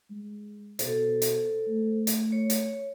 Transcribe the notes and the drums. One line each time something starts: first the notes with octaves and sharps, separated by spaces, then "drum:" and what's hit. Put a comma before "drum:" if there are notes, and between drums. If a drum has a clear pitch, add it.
G#3
B2 A4 C5, drum: hi-hat
drum: hi-hat
A3
drum: hi-hat
C#5
drum: hi-hat